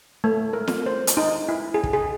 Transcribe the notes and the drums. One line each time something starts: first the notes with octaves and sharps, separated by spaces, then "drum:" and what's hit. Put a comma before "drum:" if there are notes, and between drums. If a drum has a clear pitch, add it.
A3
A#4
drum: snare
C5
drum: hi-hat
D#4
E4
G#4
drum: kick
G#4